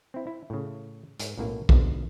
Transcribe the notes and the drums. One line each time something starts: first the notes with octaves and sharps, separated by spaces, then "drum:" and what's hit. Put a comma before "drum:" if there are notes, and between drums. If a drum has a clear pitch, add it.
C4 E4
E4
A2 C#3
G#2, drum: hi-hat
B1 F#2 A2 A#3
F2 G#2 B2 D3, drum: kick A#1